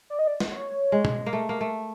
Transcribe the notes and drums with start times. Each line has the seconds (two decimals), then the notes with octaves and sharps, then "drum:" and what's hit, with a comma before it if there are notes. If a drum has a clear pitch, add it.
0.10 D5
0.19 D#5
0.27 D5
0.40 drum: snare
0.51 C#5
0.92 G#3
1.05 drum: tom B2
1.26 A#3
1.33 A3
1.49 A#3
1.61 A3